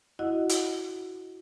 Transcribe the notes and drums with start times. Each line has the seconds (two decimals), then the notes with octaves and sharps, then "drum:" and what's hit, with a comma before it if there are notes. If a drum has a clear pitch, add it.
0.19 E4 F#4 D#5 F#5
0.49 drum: hi-hat